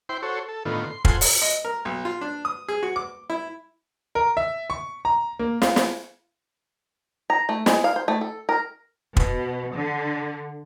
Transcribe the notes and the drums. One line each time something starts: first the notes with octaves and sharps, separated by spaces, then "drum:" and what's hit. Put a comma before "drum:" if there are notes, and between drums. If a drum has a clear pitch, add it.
E4 C5 G5 C6
F#4 A4 C5 C#5
A4
A2 D3 D#3 B3 F4
C6
F4 A4 C5 F#5 G#5 C6, drum: kick
drum: open hi-hat
D#5
A#4
B1
F4
D4
D#6
G#4
F#4
D6
E4
A#4
E5
C#6
A#5
A#3
F5, drum: snare
drum: snare
A#5
A3
G#3, drum: snare
F5
C5
A3
A4
A#4
B2, drum: kick
D3